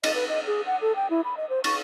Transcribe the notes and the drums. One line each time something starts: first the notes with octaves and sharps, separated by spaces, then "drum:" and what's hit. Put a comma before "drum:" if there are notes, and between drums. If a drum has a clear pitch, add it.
D#5, drum: cymbal
B4
D#5
G#4
F#5
A4
G5
E4
B5
D#5
C5
C#6, drum: cymbal